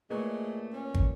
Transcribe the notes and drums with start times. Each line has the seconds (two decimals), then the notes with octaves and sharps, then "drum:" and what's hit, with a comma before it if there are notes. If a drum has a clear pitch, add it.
0.10 A#2 G#3 A3 B4 C#5
0.73 C#4
0.94 drum: kick